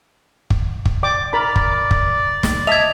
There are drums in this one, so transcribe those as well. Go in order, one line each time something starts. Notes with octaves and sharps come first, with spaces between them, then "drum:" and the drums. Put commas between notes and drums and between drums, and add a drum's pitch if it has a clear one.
drum: kick
drum: kick
D5 G5 D6
A#4 D5 A#5 B5
drum: kick
drum: kick
drum: snare
D#5 E5 A5 G#6 F7